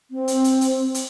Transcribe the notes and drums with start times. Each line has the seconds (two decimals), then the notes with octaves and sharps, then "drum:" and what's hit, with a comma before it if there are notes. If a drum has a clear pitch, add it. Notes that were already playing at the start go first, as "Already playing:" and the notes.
0.11 C4
0.28 drum: hi-hat
0.44 drum: hi-hat
0.61 drum: hi-hat
0.94 drum: hi-hat